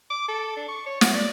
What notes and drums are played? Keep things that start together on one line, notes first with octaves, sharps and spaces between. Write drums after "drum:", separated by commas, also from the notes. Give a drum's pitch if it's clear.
D6
A4
D4
C#6
C#5
F#4, drum: snare
D5